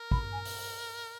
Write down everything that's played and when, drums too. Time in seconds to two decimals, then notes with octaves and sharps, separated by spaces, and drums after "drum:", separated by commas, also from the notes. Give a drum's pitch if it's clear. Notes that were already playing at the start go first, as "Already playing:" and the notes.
Already playing: A#4
0.11 B5, drum: kick
0.32 G#5
0.45 drum: open hi-hat